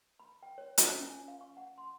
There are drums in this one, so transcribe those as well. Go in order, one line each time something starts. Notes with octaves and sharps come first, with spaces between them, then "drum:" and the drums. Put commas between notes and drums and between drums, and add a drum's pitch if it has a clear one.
B5
G5
C#5
F4, drum: hi-hat
C#4
G#5
F5
C#6
F#5
C6